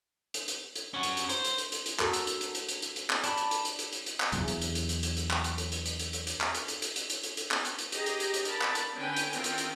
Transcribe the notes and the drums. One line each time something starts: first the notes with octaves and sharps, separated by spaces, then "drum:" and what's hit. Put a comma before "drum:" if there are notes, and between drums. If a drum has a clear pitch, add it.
drum: hi-hat
drum: hi-hat
drum: hi-hat
C#4 F#4
drum: hi-hat
drum: hi-hat
C5, drum: hi-hat
drum: hi-hat
drum: hi-hat
drum: hi-hat
drum: hi-hat
F#4 A4 A#4, drum: clap
drum: hi-hat
drum: hi-hat
drum: hi-hat
drum: hi-hat
drum: hi-hat
drum: hi-hat
drum: hi-hat
drum: clap
D5 A5 B5, drum: hi-hat
drum: hi-hat
drum: hi-hat
drum: hi-hat
drum: hi-hat
drum: hi-hat
drum: hi-hat
drum: clap
E2 F#3, drum: hi-hat
drum: hi-hat
drum: hi-hat
drum: hi-hat
drum: hi-hat
drum: hi-hat
drum: hi-hat
drum: clap
drum: hi-hat
drum: hi-hat
drum: hi-hat
drum: hi-hat
drum: hi-hat
drum: hi-hat
drum: hi-hat
drum: clap
drum: hi-hat
drum: hi-hat
drum: hi-hat
drum: hi-hat
drum: hi-hat
drum: hi-hat
drum: hi-hat
drum: clap
drum: hi-hat
drum: hi-hat
G4 G#4 D#5 A#5, drum: hi-hat
drum: hi-hat
drum: hi-hat
drum: hi-hat
A#4 D5 A5 B5, drum: hi-hat
drum: clap
drum: hi-hat
D3 C#4 B4 G5 G#5
drum: hi-hat
D#3 C4 C#4 F4 G5, drum: hi-hat
drum: hi-hat
drum: hi-hat